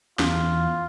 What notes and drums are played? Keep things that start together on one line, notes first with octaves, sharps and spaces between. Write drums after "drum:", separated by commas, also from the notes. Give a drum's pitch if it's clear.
E2 F4, drum: snare